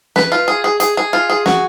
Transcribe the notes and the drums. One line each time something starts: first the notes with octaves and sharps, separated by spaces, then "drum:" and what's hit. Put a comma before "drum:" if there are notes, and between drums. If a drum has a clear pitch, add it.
B4, drum: snare
F4
G#4
G#4
G#4, drum: hi-hat
G#4
F4
G#4
F#4, drum: snare